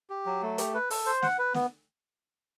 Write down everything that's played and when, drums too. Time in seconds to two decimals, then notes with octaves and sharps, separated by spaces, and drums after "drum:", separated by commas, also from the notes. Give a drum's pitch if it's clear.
0.10 G4
0.26 F#3
0.42 A3
0.58 G4, drum: hi-hat
0.74 B4
0.90 A4, drum: open hi-hat
1.06 C5
1.22 F#5, drum: snare
1.39 B4
1.54 B3, drum: snare